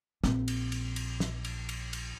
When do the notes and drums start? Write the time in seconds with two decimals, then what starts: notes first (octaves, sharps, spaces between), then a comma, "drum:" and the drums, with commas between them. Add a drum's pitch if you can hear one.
0.24 A#1 C4, drum: snare
0.48 drum: cymbal
0.72 drum: cymbal
0.96 drum: cymbal
1.20 drum: snare
1.45 drum: cymbal
1.69 drum: cymbal
1.93 drum: cymbal